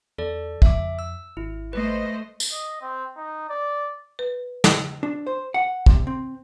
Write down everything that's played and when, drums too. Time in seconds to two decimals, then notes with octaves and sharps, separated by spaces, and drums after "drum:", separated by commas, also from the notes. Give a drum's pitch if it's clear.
0.18 E2 A4 D5
0.62 F2 E5 D6, drum: kick
0.99 E6
1.37 G#1 E4
1.73 A3 B4 C5 D#5
2.40 drum: tambourine
2.52 D#5
2.81 C4
3.17 D#4
3.49 D5
4.19 B4
4.64 drum: snare
5.03 D4
5.27 C5
5.54 F#5
5.86 C3, drum: kick
6.07 C4